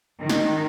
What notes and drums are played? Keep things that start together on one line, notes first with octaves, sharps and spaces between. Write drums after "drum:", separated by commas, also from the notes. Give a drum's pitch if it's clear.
D#3
drum: snare